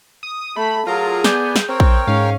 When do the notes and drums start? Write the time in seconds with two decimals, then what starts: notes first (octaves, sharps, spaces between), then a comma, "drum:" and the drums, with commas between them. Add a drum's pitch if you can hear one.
0.23 D#6
0.56 A3 B5
0.87 F#3 F4 G#4 A#4 A#5
1.24 B3 D5 G#5 G6, drum: snare
1.56 drum: snare
1.69 C4 A#4 C#5 G5
1.80 drum: kick A#1
2.07 G#2 C#4 F5